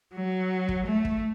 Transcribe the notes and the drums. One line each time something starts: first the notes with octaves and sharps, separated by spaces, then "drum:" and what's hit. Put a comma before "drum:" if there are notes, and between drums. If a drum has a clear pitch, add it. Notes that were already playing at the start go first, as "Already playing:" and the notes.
F#3
drum: kick
A3
drum: kick